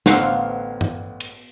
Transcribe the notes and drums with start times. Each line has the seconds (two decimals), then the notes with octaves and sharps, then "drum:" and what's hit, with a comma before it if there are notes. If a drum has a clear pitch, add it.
0.06 A1 D3 B3 C5 F5 F#5 E6, drum: snare
0.81 drum: tom G2
1.20 drum: cymbal